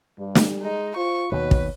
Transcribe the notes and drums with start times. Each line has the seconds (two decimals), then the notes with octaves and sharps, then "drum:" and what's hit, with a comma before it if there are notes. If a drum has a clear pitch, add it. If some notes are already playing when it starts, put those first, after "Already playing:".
0.19 G2 G3
0.35 drum: snare
0.63 G#3 D#4
0.96 F4 C5 C#6
1.32 D#2 B2 D#3 F#4 B4 C#5
1.51 drum: kick